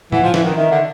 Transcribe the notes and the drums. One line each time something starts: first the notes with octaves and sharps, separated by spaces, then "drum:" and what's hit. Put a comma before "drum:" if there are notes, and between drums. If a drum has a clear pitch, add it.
E3 F#5, drum: tom A2
F3
E3, drum: snare
D#3
D#3 E5
D3